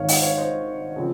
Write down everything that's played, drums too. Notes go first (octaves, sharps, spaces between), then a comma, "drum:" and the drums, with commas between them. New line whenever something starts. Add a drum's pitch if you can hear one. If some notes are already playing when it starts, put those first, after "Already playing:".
Already playing: G#1 G#2 D#3 C#5 F5
D#5 F#5, drum: open hi-hat
C#5 F5
C5 D#5
C#3 F3 C4